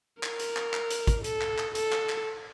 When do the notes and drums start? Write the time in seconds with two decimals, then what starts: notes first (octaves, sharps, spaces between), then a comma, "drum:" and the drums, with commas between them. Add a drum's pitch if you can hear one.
0.23 A#4, drum: clap
0.40 drum: hi-hat
0.56 drum: clap
0.73 drum: clap
0.90 drum: hi-hat
1.07 drum: kick, hi-hat
1.24 A4, drum: hi-hat
1.41 drum: clap
1.58 drum: clap
1.75 A4, drum: hi-hat
1.92 drum: clap
2.09 drum: clap